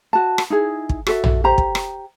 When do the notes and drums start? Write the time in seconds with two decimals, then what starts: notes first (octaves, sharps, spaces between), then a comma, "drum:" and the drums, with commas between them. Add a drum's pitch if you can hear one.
0.13 F#4 A5
0.38 drum: rim click
0.50 D#4 E4 G#4
0.89 drum: kick
1.07 F#4 A4 E5, drum: rim click
1.24 drum: tom A#1
1.44 G4 C5 A#5
1.58 drum: kick
1.75 drum: rim click